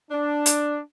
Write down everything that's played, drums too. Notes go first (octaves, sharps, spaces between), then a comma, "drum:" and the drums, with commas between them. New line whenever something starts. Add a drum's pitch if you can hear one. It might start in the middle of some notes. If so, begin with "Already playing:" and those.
D4
drum: hi-hat